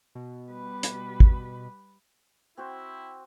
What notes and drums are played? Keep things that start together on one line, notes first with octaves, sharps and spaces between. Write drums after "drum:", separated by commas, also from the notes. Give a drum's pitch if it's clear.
B2
G3 B4
drum: hi-hat
drum: kick
C4 E4 F#4 C5